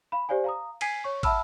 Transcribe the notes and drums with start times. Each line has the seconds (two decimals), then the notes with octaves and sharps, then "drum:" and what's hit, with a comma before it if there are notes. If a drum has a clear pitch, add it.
0.12 F5 B5
0.29 G4 C5 D5 F5 G#5
0.44 F5 A#5 D#6
0.81 G#5 G#6 B6 C7 D#7, drum: cymbal
1.04 C#5 C#6
1.23 E5 F#5 A5 B5 E6 F6, drum: kick, cymbal